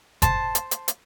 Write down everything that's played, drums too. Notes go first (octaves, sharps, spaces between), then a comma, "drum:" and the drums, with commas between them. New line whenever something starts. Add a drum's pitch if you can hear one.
C5 A5, drum: kick F#1, hi-hat
drum: hi-hat
drum: hi-hat
drum: hi-hat